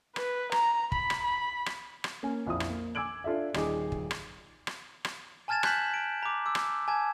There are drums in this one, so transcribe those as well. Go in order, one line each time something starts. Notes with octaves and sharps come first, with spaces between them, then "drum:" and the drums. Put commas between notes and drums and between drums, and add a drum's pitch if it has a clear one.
B4, drum: rim click
A#5, drum: rim click
B5, drum: kick
drum: rim click
B5
drum: rim click
drum: rim click
A#3 C#4 G#5
A#1 F2 E4 D#6
drum: rim click
A#3
G#5 D6 E6 G#6 D7 F#7
D4 F4 A4 D5 E5
D#1 D#4 G#4 D6, drum: rim click
drum: kick
drum: rim click
drum: rim click
drum: rim click
G#5 A5 F6 G#6 A6 E7
F#6 G6 B6 F#7, drum: rim click
D7
A#5 D6
D6 E6
drum: rim click
G#5 A5 G#6